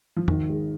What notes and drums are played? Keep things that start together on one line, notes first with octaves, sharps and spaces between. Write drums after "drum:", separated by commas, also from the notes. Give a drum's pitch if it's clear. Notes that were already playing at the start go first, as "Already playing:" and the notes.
F3
G#1 D#3, drum: tom E2
G#3